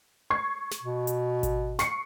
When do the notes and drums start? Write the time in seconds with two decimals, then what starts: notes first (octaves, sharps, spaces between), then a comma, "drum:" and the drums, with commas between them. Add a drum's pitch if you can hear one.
0.30 C#6 G#6 C7
0.71 drum: snare
0.83 B2
1.07 drum: hi-hat
1.43 drum: kick G#1, hi-hat
1.79 C#6 C7 C#7, drum: snare